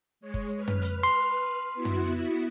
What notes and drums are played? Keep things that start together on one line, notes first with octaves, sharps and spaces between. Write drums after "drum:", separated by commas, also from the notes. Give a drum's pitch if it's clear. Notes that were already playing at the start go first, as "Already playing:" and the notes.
G#3 C#5
drum: kick F#1
B4 F6
drum: tom
drum: hi-hat
C6
B3 E4 F#4
drum: tom